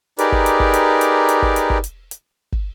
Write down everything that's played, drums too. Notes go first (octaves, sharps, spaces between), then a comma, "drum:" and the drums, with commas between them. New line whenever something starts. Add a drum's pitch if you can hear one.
D#4 G4 G#4 A#4 B4 D5, drum: hi-hat
drum: kick
drum: hi-hat
drum: kick
drum: hi-hat
drum: hi-hat
drum: hi-hat
drum: kick
drum: hi-hat
drum: kick
drum: hi-hat
drum: hi-hat
drum: kick